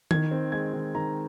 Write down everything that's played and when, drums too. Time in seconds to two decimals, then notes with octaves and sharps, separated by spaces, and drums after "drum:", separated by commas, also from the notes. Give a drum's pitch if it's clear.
0.11 D#3 G#6, drum: tom D#3
0.31 C4
0.52 G#3 G#6
0.73 D#3
0.95 D#3 A#5